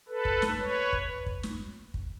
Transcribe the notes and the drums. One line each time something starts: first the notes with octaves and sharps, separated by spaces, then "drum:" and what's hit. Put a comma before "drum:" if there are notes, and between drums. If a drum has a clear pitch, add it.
A4 B4
drum: kick
drum: snare
B4 C#5
drum: kick
drum: kick
drum: snare
drum: kick